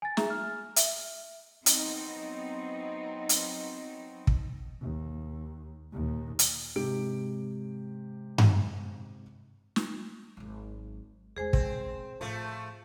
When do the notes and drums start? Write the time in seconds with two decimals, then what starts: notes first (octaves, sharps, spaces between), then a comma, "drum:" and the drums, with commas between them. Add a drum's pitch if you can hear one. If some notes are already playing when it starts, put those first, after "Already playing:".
0.02 G#5 A6
0.17 G#4 E5 A#5, drum: snare
0.30 F6
0.76 E5, drum: hi-hat
1.66 F#3 B3 C4 D#4, drum: hi-hat
3.29 drum: hi-hat
4.27 drum: kick
4.81 D#2
5.93 D#2 A#2
6.39 drum: hi-hat
6.76 G#2 C3 G4 D7
8.38 drum: tom G2
9.76 drum: snare
10.37 G#1 F#3
11.36 E2 G#3 G#4 C5 G#5
11.53 C4, drum: kick
12.21 A2 F3 A3